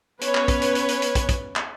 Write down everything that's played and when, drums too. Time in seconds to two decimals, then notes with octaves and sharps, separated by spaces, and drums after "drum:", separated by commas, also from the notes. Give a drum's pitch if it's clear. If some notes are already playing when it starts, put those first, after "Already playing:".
0.21 B3 C#4 B4 C#5, drum: hi-hat
0.35 drum: clap
0.48 drum: kick, hi-hat
0.62 drum: hi-hat
0.75 drum: hi-hat
0.89 drum: hi-hat
1.02 drum: hi-hat
1.15 drum: kick, hi-hat
1.29 drum: kick, hi-hat
1.56 drum: clap